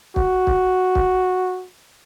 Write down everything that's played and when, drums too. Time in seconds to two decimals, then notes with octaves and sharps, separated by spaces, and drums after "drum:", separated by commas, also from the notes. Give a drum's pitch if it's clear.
0.16 F#4, drum: kick
0.47 drum: kick
0.95 drum: kick